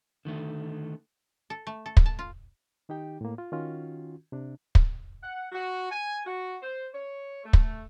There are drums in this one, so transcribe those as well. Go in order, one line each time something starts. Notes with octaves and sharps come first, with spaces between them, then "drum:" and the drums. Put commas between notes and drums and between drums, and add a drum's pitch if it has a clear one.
D3 D#3 A3
A4
A3
A4
drum: kick
A5
F4
D#3 D#4 G4 G5
A2 A#3
F4
D#3 C#4 F4 F#4
C3 D4
drum: kick
F#5
F#4
G#5
F#4
C5
C#5
A3
drum: kick